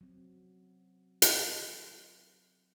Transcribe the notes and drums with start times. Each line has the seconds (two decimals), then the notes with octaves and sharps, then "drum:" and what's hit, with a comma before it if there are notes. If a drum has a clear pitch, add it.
0.01 F#3 C4
1.22 drum: hi-hat